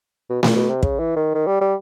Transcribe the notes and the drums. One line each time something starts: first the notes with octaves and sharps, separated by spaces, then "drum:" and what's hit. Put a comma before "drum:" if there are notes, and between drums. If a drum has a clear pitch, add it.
B2
B2, drum: snare A3
A#2
B2
C3
C#3, drum: kick
E3
D#3
D#3
G3
G3